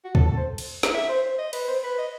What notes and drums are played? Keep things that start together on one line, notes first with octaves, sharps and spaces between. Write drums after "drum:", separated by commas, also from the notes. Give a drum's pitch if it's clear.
F#4
A4, drum: kick
A4
C5
drum: cymbal
drum: snare
E5
C5
C5
D#5
B4, drum: cymbal
C5
B4
D#5